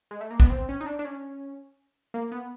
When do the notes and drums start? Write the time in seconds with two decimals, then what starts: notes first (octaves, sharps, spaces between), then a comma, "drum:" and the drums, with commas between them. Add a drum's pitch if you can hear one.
0.11 G#3
0.21 A3
0.31 A#3
0.40 B3, drum: kick
0.50 C4
0.69 C#4
0.81 D#4
0.86 D4
0.99 D4
1.05 C#4
2.14 A#3
2.32 B3